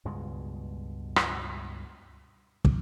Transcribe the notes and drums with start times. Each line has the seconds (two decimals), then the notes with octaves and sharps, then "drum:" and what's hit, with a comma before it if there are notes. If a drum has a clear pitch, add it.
0.05 C#2 G2 B2 G#3
1.16 drum: rim click
2.65 drum: kick